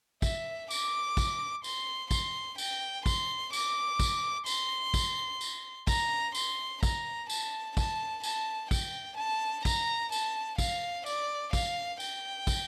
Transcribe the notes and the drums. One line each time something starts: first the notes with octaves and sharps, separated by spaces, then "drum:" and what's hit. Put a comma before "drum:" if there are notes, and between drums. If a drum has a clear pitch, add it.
E5, drum: kick, tambourine
D6, drum: tambourine
drum: kick, tambourine
C6, drum: tambourine
C6, drum: kick, tambourine
G5, drum: tambourine
C6, drum: kick, tambourine
D6, drum: tambourine
drum: kick, tambourine
C6, drum: tambourine
drum: kick, tambourine
drum: tambourine
A#5, drum: kick, tambourine
C6, drum: tambourine
A#5, drum: kick, tambourine
A5, drum: tambourine
A5, drum: kick, tambourine
A5, drum: tambourine
G5, drum: kick, tambourine
A5
A#5, drum: kick, tambourine
A5, drum: tambourine
F5, drum: kick, tambourine
D5, drum: tambourine
F5, drum: kick, tambourine
G5, drum: tambourine
drum: kick, tambourine